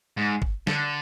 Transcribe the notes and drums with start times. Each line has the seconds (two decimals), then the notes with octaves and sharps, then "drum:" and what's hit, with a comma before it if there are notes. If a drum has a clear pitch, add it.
0.17 G#2
0.42 drum: kick
0.67 D3, drum: snare